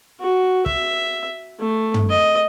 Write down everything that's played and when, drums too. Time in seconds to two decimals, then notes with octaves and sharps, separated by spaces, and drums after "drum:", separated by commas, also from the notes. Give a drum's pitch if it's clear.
0.20 F#4
0.66 E5, drum: kick
1.60 A3
1.94 drum: tom
2.09 D#5